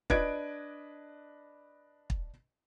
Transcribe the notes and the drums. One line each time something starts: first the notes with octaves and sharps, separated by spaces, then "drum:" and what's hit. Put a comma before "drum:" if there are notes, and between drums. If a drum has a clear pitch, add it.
D4 B4 D#5 G#6 D7, drum: kick
drum: kick